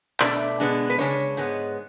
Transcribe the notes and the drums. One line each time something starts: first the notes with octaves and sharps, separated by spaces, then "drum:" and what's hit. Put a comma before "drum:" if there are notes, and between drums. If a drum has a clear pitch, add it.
B2 A3 D4 D5, drum: clap
B2 G#3 B3 D4, drum: tambourine
B4
C#3 G#3 D4 C#5, drum: tambourine
G#2 G#3 B3, drum: tambourine